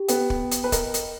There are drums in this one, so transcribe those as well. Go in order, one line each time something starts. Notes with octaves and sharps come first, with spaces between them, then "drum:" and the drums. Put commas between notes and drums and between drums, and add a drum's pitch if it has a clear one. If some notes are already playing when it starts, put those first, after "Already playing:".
Already playing: G4
B3 G5, drum: hi-hat
drum: kick
G5
drum: hi-hat
B4
A#4 D#5, drum: kick, hi-hat
drum: hi-hat